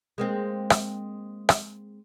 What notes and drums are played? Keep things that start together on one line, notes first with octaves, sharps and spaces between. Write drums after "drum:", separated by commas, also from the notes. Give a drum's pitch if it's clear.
G#3 A#3 C4
drum: rim click
drum: rim click